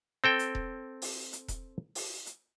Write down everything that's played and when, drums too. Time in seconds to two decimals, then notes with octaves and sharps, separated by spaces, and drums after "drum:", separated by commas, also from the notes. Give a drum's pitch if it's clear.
0.24 C4 A4 G5
0.39 drum: hi-hat
0.55 drum: kick E1
1.02 drum: open hi-hat
1.33 drum: hi-hat
1.48 drum: kick E1, hi-hat
1.95 drum: open hi-hat
2.26 drum: hi-hat